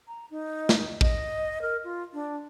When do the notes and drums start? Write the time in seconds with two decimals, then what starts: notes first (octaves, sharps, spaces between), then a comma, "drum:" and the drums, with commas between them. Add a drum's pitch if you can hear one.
0.08 A#5
0.30 D#4
0.69 drum: snare
1.01 D#5, drum: kick
1.62 A#4
1.84 F4
2.13 D4